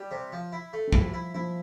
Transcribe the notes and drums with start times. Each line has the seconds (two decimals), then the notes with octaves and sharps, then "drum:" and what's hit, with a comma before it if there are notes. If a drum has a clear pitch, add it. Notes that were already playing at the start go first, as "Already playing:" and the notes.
Already playing: G3
0.11 C3
0.32 F3
0.52 E4
0.73 A3
0.87 G3
0.92 F3 E4, drum: kick
1.14 E4
1.34 F3 E4